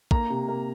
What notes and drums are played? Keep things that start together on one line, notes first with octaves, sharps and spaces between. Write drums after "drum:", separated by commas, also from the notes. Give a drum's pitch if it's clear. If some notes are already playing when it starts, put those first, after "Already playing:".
A#3 A#5, drum: kick
C3
A#3